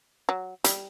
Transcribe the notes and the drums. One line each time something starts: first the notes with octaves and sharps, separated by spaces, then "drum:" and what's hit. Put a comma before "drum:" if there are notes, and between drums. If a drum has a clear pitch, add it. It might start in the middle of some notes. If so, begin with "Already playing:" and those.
F#3
G3, drum: hi-hat